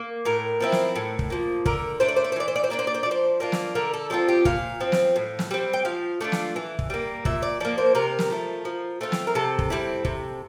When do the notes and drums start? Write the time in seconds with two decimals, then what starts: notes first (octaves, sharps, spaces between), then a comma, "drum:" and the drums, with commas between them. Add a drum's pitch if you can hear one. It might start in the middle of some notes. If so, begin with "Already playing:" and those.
Already playing: A#3
0.25 A2 A#4
0.60 F3 C4 E4
0.72 drum: snare
0.95 A2
1.19 drum: kick
1.30 F3 A#3
1.66 D3 A#4, drum: kick
2.00 A3 D4 C5
2.09 D5
2.16 C5
2.24 D5
2.32 C5
2.36 E3 D5
2.48 C5
2.56 D5
2.64 C5
2.70 A#3 D4 D5
2.79 C5
2.87 D5
2.94 C5
3.03 F3 D5
3.11 C5
3.40 A#3 D4 F4
3.52 drum: snare
3.75 D3 A#4
3.94 A4
4.10 F3 C4 F4 A4
4.28 G4
4.45 A#2 F5, drum: kick
4.80 F3 C4
4.92 drum: snare
5.16 A2
5.39 drum: snare
5.51 G3 C4
5.73 G5
5.85 F3 F5
6.21 A3 D4 F4
6.32 drum: snare
6.56 E3
6.79 drum: kick
6.90 G3 A#3
7.25 A#2 E5, drum: kick
7.42 D5
7.60 F3 A#3 D5
7.78 C5
7.95 C3 A#4
8.19 drum: snare
8.30 F3 A3
8.65 F3
9.01 A3 C4 F4
9.12 drum: snare
9.27 A#4
9.35 C3 A4
9.59 drum: kick
9.70 G3 C4 E4
10.05 C3, drum: kick